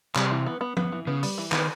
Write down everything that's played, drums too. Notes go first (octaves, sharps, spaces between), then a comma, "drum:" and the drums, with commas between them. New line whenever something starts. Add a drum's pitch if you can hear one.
C3 G3, drum: clap
E3
B3
B3
B3, drum: tom F3
E3
C#3 B3
G3, drum: open hi-hat
E3
D#3 B3, drum: clap